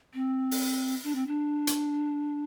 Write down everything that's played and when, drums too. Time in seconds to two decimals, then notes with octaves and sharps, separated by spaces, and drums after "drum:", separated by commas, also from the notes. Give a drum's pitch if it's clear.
0.14 C4
0.51 drum: open hi-hat
1.04 D4
1.15 C4
1.27 D4
1.67 drum: hi-hat